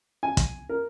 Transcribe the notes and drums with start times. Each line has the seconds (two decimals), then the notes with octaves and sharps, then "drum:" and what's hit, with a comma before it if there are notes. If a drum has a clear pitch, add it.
0.23 G#5
0.37 drum: kick, hi-hat
0.69 A#4